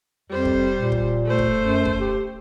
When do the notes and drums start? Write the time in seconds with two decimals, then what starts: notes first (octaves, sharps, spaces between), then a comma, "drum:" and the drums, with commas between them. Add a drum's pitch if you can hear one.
0.30 F2 G3 C5
0.45 drum: kick
0.76 A#2
0.92 drum: kick
1.26 A3 C5
1.39 drum: kick
1.59 F#2
1.85 drum: kick
2.00 G4